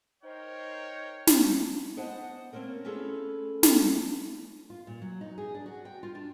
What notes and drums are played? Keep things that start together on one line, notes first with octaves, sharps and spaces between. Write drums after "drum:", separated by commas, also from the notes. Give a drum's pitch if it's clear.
D#4 A#4 C5 C#5 G5
drum: snare
B3 D4 C5 D#5 F#5 G#5
A3 A#3 C4 C#4 A#4
A3 C#4 F4 G#4 A4 B4
drum: snare
F4
A#2
F#3
D#4
G#4
D4
F#4
G5
F4
D4